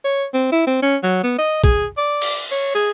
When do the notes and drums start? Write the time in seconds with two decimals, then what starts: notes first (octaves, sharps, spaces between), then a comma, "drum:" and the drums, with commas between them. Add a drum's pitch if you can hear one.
0.04 C#5
0.34 C4
0.52 E4
0.67 C4
0.82 C#4
1.03 F#3
1.23 B3
1.38 D#5
1.64 G#4, drum: kick
1.98 D5
2.22 drum: cymbal
2.51 C#5
2.75 G#4